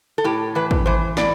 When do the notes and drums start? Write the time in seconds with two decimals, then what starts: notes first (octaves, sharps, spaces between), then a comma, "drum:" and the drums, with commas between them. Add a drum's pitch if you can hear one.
0.18 A4
0.24 A2 G4
0.55 E3 B4
0.71 drum: kick
0.86 E3 C5
1.17 A2 D5, drum: snare